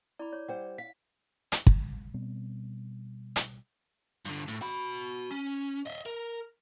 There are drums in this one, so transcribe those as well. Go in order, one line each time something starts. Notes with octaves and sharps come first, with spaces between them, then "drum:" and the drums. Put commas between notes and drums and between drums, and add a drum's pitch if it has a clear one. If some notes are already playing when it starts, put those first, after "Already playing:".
E4 D5 B5
C#5
G3 C5 F#5 G5
F5 B6
drum: hi-hat
drum: kick
B2 G3 B3 C4
drum: hi-hat
G2 D3
A2
F#4 B5
C#4
D#5 E5
A#4